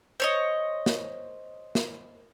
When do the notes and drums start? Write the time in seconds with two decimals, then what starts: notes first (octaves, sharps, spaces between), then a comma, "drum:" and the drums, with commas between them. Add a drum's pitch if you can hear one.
0.20 C5 C#5 D#5
0.86 drum: snare
1.75 drum: snare